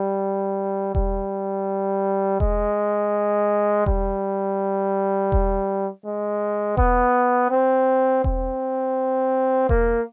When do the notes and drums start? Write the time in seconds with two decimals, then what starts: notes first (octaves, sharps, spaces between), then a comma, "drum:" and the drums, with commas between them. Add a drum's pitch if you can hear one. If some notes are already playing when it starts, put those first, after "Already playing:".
Already playing: G3
0.95 G3, drum: kick E1
2.40 G#3, drum: kick E1
3.86 G3, drum: kick E1
5.32 drum: kick E1
6.06 G#3
6.77 B3, drum: kick E1
7.51 C4
8.24 C4, drum: kick E1
9.69 A#3, drum: kick E1